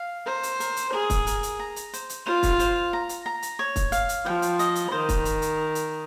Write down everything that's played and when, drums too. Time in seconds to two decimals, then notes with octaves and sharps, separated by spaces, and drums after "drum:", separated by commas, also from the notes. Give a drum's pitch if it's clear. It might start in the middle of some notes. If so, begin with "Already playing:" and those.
Already playing: F5
0.27 A#4 C5
0.43 drum: hi-hat
0.60 A#4, drum: hi-hat
0.77 drum: hi-hat
0.94 G#4 A#4
1.10 drum: kick, hi-hat
1.27 A#4, drum: hi-hat
1.43 drum: hi-hat
1.59 A#5
1.76 drum: hi-hat
1.93 C5, drum: hi-hat
2.09 drum: hi-hat
2.26 F4 C5
2.43 drum: kick, hi-hat
2.59 C5, drum: hi-hat
2.93 A#5
3.09 drum: hi-hat
3.26 A#5
3.42 drum: hi-hat
3.59 C#5
3.76 drum: kick, hi-hat
3.92 F5, drum: hi-hat
4.09 drum: hi-hat
4.26 F3 G5
4.42 drum: hi-hat
4.59 D#5, drum: hi-hat
4.75 drum: hi-hat
4.92 D#3 C5
5.09 drum: kick, hi-hat
5.25 drum: hi-hat
5.42 drum: hi-hat
5.75 drum: hi-hat